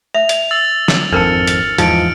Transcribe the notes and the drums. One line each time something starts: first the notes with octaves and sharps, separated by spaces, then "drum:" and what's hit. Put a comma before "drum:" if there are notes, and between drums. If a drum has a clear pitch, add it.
E5 F7
drum: hi-hat
E6 A6 F#7
drum: snare
G#1 F2 D4 A#4 A5 F6 C#7
drum: hi-hat
E2 G#2 F3 D#4 C#7 D7, drum: hi-hat